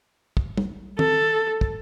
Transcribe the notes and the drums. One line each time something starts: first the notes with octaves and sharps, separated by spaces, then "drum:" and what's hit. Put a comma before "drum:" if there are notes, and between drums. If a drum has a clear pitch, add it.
drum: kick
drum: tom
A4, drum: tom
drum: kick